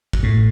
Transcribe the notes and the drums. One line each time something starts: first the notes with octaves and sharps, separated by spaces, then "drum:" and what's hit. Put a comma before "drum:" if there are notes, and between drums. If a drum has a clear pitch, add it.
drum: kick
A2